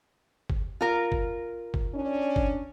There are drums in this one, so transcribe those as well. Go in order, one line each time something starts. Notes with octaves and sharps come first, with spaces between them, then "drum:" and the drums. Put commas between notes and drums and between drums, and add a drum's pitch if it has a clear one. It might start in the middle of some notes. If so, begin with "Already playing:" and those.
drum: kick G1
F4 A#4
drum: kick G1
drum: kick G1
C#4 D4
drum: kick G1